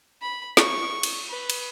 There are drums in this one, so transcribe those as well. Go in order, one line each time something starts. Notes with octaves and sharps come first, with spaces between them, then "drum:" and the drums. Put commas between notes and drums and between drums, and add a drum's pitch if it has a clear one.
B5
C#6, drum: snare
drum: cymbal
B4
drum: cymbal